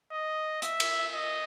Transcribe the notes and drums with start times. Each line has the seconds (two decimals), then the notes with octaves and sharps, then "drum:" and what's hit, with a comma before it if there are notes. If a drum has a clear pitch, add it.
0.12 D#5
0.62 E5, drum: hi-hat
0.80 drum: cymbal
1.13 D#5